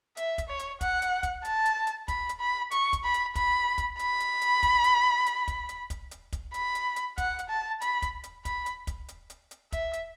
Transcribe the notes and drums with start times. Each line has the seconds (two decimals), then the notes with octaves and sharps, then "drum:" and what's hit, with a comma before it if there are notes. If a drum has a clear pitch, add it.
0.17 E5, drum: hi-hat
0.38 drum: kick, hi-hat
0.49 C#5
0.59 drum: hi-hat
0.81 F#5, drum: kick, hi-hat
1.02 drum: hi-hat
1.23 drum: kick, hi-hat
1.45 A5, drum: hi-hat
1.65 drum: hi-hat
1.87 drum: hi-hat
2.08 B5, drum: kick, hi-hat
2.29 drum: hi-hat
2.40 B5
2.71 C#6, drum: hi-hat
2.93 drum: kick, hi-hat
3.04 B5
3.14 drum: hi-hat
3.35 B5, drum: kick, hi-hat
3.78 drum: kick, hi-hat
3.99 B5, drum: hi-hat
4.20 drum: hi-hat
4.41 drum: hi-hat
4.63 drum: kick, hi-hat
4.84 drum: hi-hat
5.26 drum: hi-hat
5.48 drum: kick, hi-hat
5.69 drum: hi-hat
5.90 drum: kick, hi-hat
6.11 drum: hi-hat
6.32 drum: kick, hi-hat
6.54 B5, drum: hi-hat
6.75 drum: hi-hat
6.96 drum: hi-hat
7.18 F#5, drum: kick, hi-hat
7.39 drum: hi-hat
7.49 A5
7.81 B5, drum: hi-hat
8.02 drum: kick, hi-hat
8.24 drum: hi-hat
8.45 B5, drum: kick, hi-hat
8.66 drum: hi-hat
8.87 drum: kick, hi-hat
9.08 drum: hi-hat
9.30 drum: hi-hat
9.51 drum: hi-hat
9.72 E5, drum: kick, hi-hat
9.93 drum: hi-hat